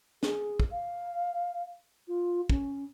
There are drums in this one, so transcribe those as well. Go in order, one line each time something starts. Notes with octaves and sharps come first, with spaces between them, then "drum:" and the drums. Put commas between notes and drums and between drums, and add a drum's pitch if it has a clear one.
G#4, drum: snare
drum: kick
F5
F4
C#4, drum: kick